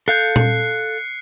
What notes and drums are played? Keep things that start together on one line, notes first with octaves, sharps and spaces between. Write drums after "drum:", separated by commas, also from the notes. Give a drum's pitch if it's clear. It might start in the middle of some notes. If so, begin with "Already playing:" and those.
A4 F5 F#6 G6 C7 C#7
drum: tom A#2